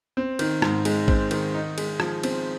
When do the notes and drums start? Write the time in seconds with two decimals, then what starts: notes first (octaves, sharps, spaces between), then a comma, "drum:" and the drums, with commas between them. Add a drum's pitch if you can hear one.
0.17 C4
0.39 D#3, drum: cymbal
0.62 G#2, drum: rim click
0.85 G#3, drum: cymbal
1.08 C4, drum: kick
1.31 D#3, drum: cymbal
1.54 D#4
1.78 G#3, drum: cymbal
2.00 F3, drum: rim click
2.23 C4, drum: cymbal